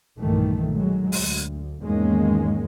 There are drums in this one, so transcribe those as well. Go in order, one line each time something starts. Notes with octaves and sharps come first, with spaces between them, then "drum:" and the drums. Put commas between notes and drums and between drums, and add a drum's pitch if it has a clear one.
B1 G2 A#2 D#3 E3 A3
F#3 G#3
D2, drum: open hi-hat
E2 G#2 D#3 G#3 A#3 C#4